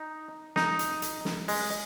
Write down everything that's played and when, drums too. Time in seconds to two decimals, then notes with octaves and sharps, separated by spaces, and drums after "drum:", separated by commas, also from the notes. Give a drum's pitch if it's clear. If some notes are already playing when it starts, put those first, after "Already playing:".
Already playing: D#4
0.56 D#4, drum: snare
0.79 drum: hi-hat
1.02 drum: hi-hat
1.25 drum: snare
1.48 G#3, drum: open hi-hat